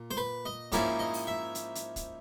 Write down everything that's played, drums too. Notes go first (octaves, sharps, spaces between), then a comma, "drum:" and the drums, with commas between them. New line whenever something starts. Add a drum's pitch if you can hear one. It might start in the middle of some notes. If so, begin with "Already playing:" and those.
Already playing: A#2
C5
B4
D#5
G#2 F3 A#3 C#4 E4 D5, drum: kick, hi-hat
D#5
drum: open hi-hat
E5
drum: hi-hat
drum: hi-hat
drum: kick, hi-hat